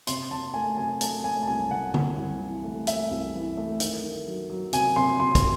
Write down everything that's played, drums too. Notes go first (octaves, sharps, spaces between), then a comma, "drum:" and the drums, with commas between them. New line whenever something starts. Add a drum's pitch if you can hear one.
C3 C6, drum: hi-hat
C3 A5
A3 G#5
C3 G#5
A3 A5, drum: hi-hat
A3 G#5
A5
C2 G#5
C3 F#5
C3, drum: tom
C2
E3
A3
A3 E5, drum: hi-hat
C2
E3
A3
D#3, drum: hi-hat
D#3
F#3
F#3
C3 G#5, drum: hi-hat
C3 C6
C3 C6
drum: kick, hi-hat